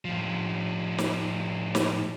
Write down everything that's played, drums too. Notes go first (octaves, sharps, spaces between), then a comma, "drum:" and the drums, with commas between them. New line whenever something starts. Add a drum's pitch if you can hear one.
A2 F3
drum: snare
drum: snare